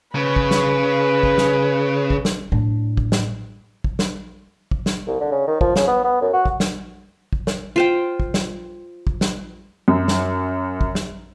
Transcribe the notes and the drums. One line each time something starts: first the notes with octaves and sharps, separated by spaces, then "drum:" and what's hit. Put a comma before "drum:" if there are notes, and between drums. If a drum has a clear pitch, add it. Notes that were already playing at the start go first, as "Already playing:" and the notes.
C#3 B4
drum: kick
drum: snare
drum: kick
drum: snare
drum: kick
drum: snare
A2 D4
drum: kick
drum: snare
drum: kick
drum: snare
drum: kick
drum: snare
C2
D3
C#3
D#3
F3, drum: kick
C#3, drum: snare
B3
B3
F#2
F#4
drum: kick
drum: snare
drum: kick
drum: snare
F4 C5 G5
drum: kick
drum: snare
drum: kick
drum: snare
F#2
drum: snare
drum: kick
drum: snare